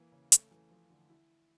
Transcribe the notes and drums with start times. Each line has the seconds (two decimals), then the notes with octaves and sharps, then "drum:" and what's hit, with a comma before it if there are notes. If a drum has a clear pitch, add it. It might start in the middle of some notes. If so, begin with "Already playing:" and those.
Already playing: E3 A#3
0.12 C#3
0.32 A3, drum: hi-hat
0.51 E3
0.71 F3
0.90 D3
1.10 E4